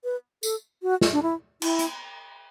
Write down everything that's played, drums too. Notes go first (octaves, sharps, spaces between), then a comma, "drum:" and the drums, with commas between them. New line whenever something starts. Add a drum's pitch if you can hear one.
B4
A4, drum: tambourine
F#4
drum: snare
D4
E4
E4, drum: cymbal
drum: hi-hat